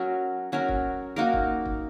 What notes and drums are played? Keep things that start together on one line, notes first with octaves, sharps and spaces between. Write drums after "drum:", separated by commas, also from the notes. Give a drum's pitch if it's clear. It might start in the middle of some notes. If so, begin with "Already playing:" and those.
Already playing: F#3 C#4 F#4 A#4
F#3 C#4 F#4 A#4
drum: kick
A#3 D#4 F#4 A#4
drum: kick
drum: kick